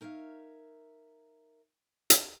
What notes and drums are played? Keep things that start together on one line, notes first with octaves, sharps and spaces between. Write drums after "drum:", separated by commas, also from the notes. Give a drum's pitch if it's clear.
D#4 A#4 C#5 E5 F5
drum: hi-hat